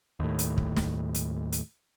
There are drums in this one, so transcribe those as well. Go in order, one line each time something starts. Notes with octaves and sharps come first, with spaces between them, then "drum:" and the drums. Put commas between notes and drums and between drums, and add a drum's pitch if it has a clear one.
D#2 A2
drum: hi-hat
drum: kick
drum: snare
drum: hi-hat
drum: hi-hat